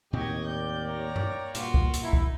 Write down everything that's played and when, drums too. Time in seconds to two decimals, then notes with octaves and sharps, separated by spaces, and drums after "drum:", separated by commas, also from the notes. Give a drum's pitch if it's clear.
0.13 D#2 A2 C4 D#4 F#4 G4 D#5 G#6
0.45 A#3 D5 G5 G6
0.86 C#5 A#5
1.16 drum: tom G2
1.55 G2 A#2 F4 F#4, drum: hi-hat
1.74 drum: kick
1.94 drum: hi-hat
2.04 D#4 E4
2.13 drum: kick